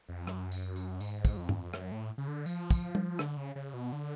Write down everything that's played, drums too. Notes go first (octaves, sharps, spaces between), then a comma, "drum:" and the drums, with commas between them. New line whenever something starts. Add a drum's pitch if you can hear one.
F2
F#2, drum: rim click
drum: tambourine
drum: tambourine
G#2, drum: tambourine
drum: kick, tambourine
F2
drum: tom G2
F#2, drum: rim click
A2
C#3
D3
F3, drum: tambourine
drum: kick, tambourine
drum: tom
D3, drum: rim click
C#3
C#3
B2
D3